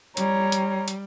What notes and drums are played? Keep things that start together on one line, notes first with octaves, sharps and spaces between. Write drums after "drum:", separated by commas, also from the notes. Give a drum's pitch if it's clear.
G3 C#5 A#5, drum: hi-hat
drum: hi-hat
drum: hi-hat